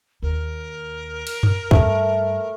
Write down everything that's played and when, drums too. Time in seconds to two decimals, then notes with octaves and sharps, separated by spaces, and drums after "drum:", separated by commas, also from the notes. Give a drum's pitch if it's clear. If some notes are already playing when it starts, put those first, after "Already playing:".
0.22 D#2 A#4
1.27 drum: cymbal
1.43 drum: tom F#2
1.71 G2 A3, drum: kick